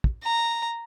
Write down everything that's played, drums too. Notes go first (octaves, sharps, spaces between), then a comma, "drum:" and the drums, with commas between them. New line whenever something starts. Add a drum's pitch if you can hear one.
drum: kick
A#5